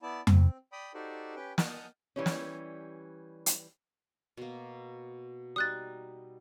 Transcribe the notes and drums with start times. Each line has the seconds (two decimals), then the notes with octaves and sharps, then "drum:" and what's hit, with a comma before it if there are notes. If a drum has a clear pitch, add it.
0.03 B3 E4 D5 A5
0.27 C4, drum: tom F2
0.72 D5 G5 B5 D#6
0.94 D#4 F#4 G4 A4 C5 D5
1.36 C#4 G4 B4 G5
1.58 D#5 F#5 A5 D#6 F6 G6, drum: snare
2.16 E3 G3 C#4
2.26 drum: snare
3.46 drum: hi-hat
4.37 B2 A#3
5.56 G3 D#4 D#6 F#6 A6